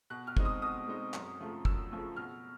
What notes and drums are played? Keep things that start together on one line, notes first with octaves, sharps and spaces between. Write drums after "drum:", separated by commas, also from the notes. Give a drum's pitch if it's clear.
B2 F#6
F6
G#3 C4 D#4, drum: kick
D#6
B2 D#6
G#3 C4 D#4
F#2, drum: clap
C#3 F3 A3
F#2 E6, drum: kick
C#3 F3 A3
B2 F6